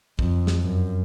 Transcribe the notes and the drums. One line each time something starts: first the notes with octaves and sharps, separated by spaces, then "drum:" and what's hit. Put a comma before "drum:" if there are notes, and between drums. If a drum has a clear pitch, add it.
F2, drum: kick
drum: snare
F#2